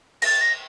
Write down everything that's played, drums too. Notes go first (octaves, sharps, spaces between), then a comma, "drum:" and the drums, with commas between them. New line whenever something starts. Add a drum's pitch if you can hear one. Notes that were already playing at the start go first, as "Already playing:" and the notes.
A#6, drum: cymbal
A6
A#6